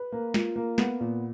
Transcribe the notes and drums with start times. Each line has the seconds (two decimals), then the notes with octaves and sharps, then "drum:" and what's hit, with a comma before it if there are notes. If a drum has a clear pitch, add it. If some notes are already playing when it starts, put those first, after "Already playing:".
Already playing: B4
0.12 A#3
0.34 F4, drum: snare
0.56 A#3
0.78 B3, drum: snare
1.00 A#2